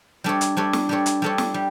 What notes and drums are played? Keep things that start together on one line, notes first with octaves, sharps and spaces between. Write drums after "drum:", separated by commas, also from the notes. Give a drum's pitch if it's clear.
G3 D4 A4 C#5
drum: hi-hat
G3 D4 A4 C#5
drum: snare
G3 D4 A4 C#5
drum: hi-hat
G3 D4 A4 C#5
drum: snare
G3